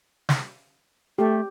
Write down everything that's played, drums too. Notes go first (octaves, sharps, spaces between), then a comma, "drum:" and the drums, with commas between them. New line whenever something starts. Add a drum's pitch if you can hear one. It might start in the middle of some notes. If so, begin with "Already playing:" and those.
drum: snare
A3 G4